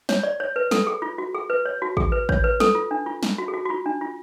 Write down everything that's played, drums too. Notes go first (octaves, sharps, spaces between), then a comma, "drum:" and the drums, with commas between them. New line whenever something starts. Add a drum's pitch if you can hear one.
C#5, drum: snare
D5
C#5
B4
A4, drum: snare
G#4
F4
F#4
G#4
B4
C#5
F#4
G#4, drum: kick
B4
C#5, drum: kick
B4
A4, drum: snare
F4
D4
F4
drum: snare
F#4
G#4
F#4
F#4
F4
D4
F4